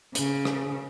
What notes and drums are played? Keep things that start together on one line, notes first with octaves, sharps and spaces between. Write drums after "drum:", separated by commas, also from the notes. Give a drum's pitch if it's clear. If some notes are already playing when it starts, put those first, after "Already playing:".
C#3, drum: hi-hat
drum: rim click